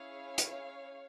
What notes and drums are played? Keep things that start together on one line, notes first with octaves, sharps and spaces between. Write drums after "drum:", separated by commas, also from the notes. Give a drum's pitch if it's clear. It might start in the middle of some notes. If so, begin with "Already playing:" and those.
Already playing: C#4 E4 G#4 C#5 F5
drum: hi-hat